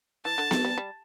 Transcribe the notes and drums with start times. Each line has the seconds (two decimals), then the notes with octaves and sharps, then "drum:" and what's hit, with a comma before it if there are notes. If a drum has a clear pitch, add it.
0.25 E3 A5
0.38 D3
0.51 A3, drum: snare B3
0.65 G3
0.78 G3